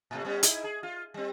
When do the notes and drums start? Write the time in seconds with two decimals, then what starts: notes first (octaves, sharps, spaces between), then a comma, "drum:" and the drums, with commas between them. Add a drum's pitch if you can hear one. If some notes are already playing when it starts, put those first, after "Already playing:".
0.11 A2 C3 A3
0.25 G3 B3 C#4
0.43 D#4 E4 G#4, drum: hi-hat
0.64 G#4
0.83 F4
1.14 G3 C4